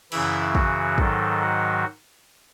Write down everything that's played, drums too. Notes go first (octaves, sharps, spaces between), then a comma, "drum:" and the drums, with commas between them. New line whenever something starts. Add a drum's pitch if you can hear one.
F#2 C#3 E3 E4, drum: cymbal
F#4, drum: kick
G#2 D#3 F#3 A4, drum: kick
F#4